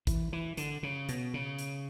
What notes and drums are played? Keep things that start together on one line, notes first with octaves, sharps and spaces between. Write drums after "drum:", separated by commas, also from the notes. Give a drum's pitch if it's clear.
E3, drum: kick G#1, hi-hat
E3
D3, drum: hi-hat
C#3
B2, drum: hi-hat
C#3
drum: hi-hat